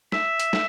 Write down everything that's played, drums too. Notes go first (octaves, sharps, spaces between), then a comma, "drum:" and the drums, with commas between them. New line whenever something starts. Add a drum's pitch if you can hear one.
E5, drum: snare
drum: hi-hat
drum: snare